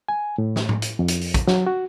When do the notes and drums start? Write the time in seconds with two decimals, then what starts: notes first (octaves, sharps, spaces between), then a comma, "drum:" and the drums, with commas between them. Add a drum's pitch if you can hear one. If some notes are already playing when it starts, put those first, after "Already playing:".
0.08 G#5
0.38 A2
0.56 drum: snare
0.69 drum: tom
0.82 drum: hi-hat
0.99 F2
1.08 drum: hi-hat
1.21 drum: open hi-hat
1.34 drum: kick, hi-hat
1.48 F#3, drum: snare
1.67 F#4